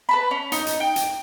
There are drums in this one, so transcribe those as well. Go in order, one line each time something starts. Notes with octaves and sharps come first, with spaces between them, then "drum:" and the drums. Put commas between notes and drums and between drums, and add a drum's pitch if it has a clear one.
B4 A5 B5
C#4
D#4, drum: hi-hat
drum: hi-hat
G5
drum: hi-hat